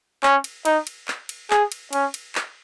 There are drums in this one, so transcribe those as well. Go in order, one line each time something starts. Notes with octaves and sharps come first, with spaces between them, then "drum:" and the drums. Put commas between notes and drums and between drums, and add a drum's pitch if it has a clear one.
C#4, drum: clap
drum: cymbal
D#4, drum: cymbal
drum: cymbal
drum: clap
drum: cymbal
G#4, drum: clap
drum: cymbal
C#4, drum: cymbal
drum: cymbal
drum: clap